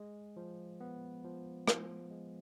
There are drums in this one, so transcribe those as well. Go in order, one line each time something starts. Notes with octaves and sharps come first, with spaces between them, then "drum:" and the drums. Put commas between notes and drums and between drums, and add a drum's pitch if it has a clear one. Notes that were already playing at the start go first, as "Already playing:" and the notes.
Already playing: G#3
F3
B3
F3
F3, drum: rim click
G#3